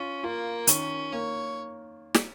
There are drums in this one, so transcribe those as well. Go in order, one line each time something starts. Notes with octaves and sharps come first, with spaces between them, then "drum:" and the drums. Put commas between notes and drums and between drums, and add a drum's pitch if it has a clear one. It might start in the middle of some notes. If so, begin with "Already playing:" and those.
Already playing: C#4 F4
A#3 F4
D#3 C#4, drum: hi-hat
A#3 C#5
drum: snare